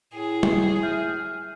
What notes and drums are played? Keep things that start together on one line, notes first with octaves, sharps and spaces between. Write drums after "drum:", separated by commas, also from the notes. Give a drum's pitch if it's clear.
A2 G#4
drum: tom G3
E5 F6 G6